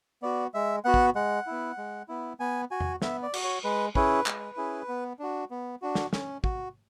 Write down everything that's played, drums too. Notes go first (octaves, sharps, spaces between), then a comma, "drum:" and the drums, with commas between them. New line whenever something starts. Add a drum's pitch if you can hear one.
B3 F#4 D5
G#3 E5
B3 F#4 F#5
drum: kick
G#3 F#5
B3 E4
G#3
B3 E4
B3 G#5
F#4 G#5
drum: tom E2
B3 E5, drum: snare
D5
F#4, drum: cymbal
C#5
G#3 B4
C#4 E4 G#4 B4, drum: kick
G#3, drum: clap
C#4 E4 G#4
B3
D4 F#4
B3
D4 F#4
drum: snare
C#4, drum: snare
F#4, drum: kick